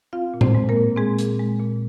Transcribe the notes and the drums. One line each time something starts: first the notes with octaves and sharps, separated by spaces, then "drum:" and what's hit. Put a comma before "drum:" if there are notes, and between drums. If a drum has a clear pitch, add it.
C4 F4 F5
A#2
C4 C5, drum: tom A2
G#3
A#3 A#4
A#2
G#3 C4 G#4
A#2, drum: hi-hat
G#3
A#2